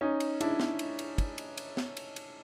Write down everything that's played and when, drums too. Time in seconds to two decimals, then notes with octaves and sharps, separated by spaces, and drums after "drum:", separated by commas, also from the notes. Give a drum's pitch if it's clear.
0.01 C#4 D#4
0.20 drum: cymbal
0.41 D4 E4, drum: cymbal
0.60 drum: snare
0.79 drum: cymbal
0.99 drum: cymbal
1.18 drum: kick, cymbal
1.38 drum: cymbal
1.58 drum: cymbal
1.77 drum: snare
1.97 drum: cymbal
2.16 drum: cymbal